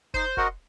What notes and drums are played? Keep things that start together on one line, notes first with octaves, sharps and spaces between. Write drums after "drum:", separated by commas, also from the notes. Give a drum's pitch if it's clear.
D#4 C5, drum: kick F1
F#4 A#4 D#5 F#5, drum: kick F1